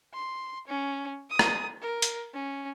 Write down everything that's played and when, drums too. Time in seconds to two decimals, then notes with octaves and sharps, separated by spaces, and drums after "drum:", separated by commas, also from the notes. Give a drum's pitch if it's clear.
0.14 C6
0.68 C#4
1.30 D#6
1.39 drum: rim click
1.82 A#4
2.02 drum: hi-hat
2.34 C#4